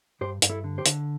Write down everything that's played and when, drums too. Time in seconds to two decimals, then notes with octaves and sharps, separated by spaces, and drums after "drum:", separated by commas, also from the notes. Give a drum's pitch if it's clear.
0.21 G2 G4 C5
0.42 G2, drum: hi-hat
0.50 E4 A4
0.64 D3
0.78 G4 C5
0.86 D3, drum: hi-hat